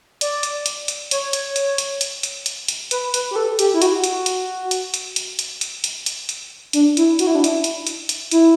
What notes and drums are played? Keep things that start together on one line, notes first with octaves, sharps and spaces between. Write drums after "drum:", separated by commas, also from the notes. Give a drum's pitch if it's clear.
D5, drum: hi-hat
drum: hi-hat
drum: hi-hat
drum: hi-hat
C#5, drum: hi-hat
drum: hi-hat
drum: hi-hat
drum: hi-hat
drum: hi-hat
drum: hi-hat
drum: hi-hat
drum: hi-hat
B4, drum: hi-hat
B4, drum: hi-hat
G4
A4
G4, drum: hi-hat
E4
F#4, drum: hi-hat
drum: hi-hat
drum: hi-hat
drum: hi-hat
drum: hi-hat
drum: hi-hat
drum: hi-hat
drum: hi-hat
drum: hi-hat
drum: hi-hat
drum: hi-hat
D4, drum: hi-hat
E4, drum: hi-hat
F#4, drum: hi-hat
E4
D4
E4, drum: hi-hat
drum: hi-hat
drum: hi-hat
drum: hi-hat
E4, drum: hi-hat